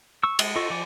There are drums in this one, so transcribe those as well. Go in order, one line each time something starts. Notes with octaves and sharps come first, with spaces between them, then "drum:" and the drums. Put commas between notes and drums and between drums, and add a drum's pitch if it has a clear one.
C#6 E6
G#3, drum: cymbal
F4 A4 D#5 C#6
F3 D5 G#5 D6